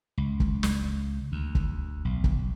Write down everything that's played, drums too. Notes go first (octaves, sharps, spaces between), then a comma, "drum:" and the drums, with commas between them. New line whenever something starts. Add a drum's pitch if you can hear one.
C#2
drum: kick
drum: snare
D2
drum: kick
B1
drum: kick